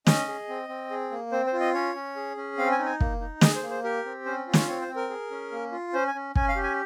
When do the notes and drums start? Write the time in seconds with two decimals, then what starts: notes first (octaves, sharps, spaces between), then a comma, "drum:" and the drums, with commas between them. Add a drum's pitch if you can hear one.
0.07 C#4 D#5, drum: snare
0.28 G#4
0.49 C4
0.69 C4
0.91 G#4
1.11 A#3
1.32 C4 C5
1.47 C5
1.53 F4
1.60 D#5
1.74 C#4 C#5
1.95 C#4
2.16 G#4
2.36 C#4
2.57 C4 F5
2.72 G#5
2.79 D#4
2.86 G#5
3.01 A#3, drum: kick
3.21 D#4
3.41 G#4 D#5, drum: snare
3.55 C5
3.63 A#3
3.70 C5
3.84 G4 A#4
4.05 C4
4.25 C#4 C5
4.47 F4
4.53 C#5, drum: snare
4.68 C4 C#5
4.81 C5
4.88 C4
4.96 A#4
5.10 G#4
5.31 C#4
5.52 A#3
5.72 F4
5.93 C#4 C5
6.07 G#5
6.15 C#4
6.36 C#4 G#5, drum: kick
6.49 F5
6.56 G4
6.63 G#5